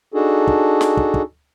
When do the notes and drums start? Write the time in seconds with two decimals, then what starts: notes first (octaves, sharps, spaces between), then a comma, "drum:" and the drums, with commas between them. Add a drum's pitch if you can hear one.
0.14 D4 D#4 F#4 G#4 A4
0.47 drum: kick
0.81 drum: snare
0.97 drum: kick
1.14 drum: kick